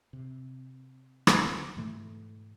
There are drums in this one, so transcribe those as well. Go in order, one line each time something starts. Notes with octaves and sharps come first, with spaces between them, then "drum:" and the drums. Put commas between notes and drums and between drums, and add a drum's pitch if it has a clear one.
C3
drum: rim click
G#2 B2 E3 A3